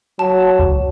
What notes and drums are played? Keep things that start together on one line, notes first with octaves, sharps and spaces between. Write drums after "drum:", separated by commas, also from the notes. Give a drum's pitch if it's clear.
F#3 A5
drum: kick C#2